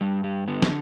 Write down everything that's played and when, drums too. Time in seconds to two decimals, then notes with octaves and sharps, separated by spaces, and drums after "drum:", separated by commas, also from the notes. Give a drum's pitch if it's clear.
0.01 G2 G3
0.24 G3
0.47 D3 B3
0.62 drum: snare